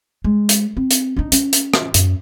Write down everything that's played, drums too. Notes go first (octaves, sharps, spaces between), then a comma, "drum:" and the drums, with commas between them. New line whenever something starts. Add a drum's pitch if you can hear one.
G#3
drum: hi-hat
C4
drum: hi-hat
D4 D#4
C#4, drum: hi-hat
drum: hi-hat
drum: rim click
F#2, drum: hi-hat